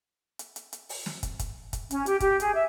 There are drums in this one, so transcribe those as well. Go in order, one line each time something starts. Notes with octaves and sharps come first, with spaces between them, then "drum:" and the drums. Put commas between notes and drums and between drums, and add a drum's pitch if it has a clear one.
drum: hi-hat
drum: hi-hat
drum: hi-hat
drum: open hi-hat
drum: snare
drum: kick, hi-hat
drum: kick, hi-hat
drum: kick, hi-hat
C#4, drum: hi-hat
G4, drum: hi-hat
G4, drum: kick, hi-hat
G#4, drum: hi-hat
E5